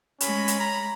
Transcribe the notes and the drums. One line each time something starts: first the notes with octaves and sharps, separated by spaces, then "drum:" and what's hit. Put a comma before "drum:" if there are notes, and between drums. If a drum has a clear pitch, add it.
G#3 C#4 B5, drum: hi-hat
drum: hi-hat
A#5